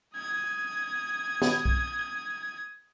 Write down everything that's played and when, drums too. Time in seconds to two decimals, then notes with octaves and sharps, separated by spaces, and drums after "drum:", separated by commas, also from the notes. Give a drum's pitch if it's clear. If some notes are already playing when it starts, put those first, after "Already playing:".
0.16 D#6 G#6
1.42 drum: snare
1.66 drum: kick